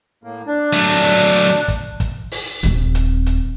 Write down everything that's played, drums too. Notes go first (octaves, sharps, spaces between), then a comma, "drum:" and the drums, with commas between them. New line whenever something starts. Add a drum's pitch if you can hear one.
A2 A#3
D4
F#3 A3, drum: hi-hat
drum: hi-hat
drum: hi-hat
drum: kick, hi-hat
drum: kick, hi-hat
drum: open hi-hat
D#1 C4, drum: hi-hat
drum: hi-hat
drum: hi-hat